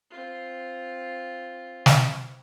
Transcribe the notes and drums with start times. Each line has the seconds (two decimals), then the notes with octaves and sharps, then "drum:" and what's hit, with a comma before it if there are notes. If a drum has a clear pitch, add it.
0.10 C4 F4
1.86 drum: snare